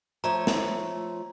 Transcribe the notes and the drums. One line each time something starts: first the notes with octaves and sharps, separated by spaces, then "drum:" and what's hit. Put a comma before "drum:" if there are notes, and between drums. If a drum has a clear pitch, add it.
F3 A3 C#5 A#5
drum: snare